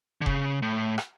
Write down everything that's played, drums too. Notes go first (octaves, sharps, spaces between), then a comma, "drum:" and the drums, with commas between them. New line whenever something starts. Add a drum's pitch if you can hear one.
D3
C#3, drum: kick F1
A2
drum: rim click